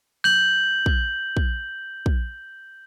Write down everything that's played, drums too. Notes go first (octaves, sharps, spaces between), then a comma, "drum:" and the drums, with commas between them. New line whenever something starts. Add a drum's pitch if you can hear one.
G6 F#7
drum: kick
drum: kick
drum: kick